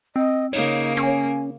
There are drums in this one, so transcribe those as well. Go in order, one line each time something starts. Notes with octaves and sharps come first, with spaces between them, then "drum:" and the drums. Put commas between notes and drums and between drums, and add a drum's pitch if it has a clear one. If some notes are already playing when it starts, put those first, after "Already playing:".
C4 D#5
C#3 A#3 D#4 C#5, drum: cymbal
C#4 G#5, drum: hi-hat